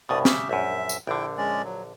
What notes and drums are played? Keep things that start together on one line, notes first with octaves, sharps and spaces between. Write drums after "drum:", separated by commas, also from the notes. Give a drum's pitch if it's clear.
C2 G2 B2 D5 D#6
C#3 G4 E5, drum: snare
A#1 F#2 E5
drum: tambourine
A#1 D3 E4 G5
G#3 C#4 D5
F#3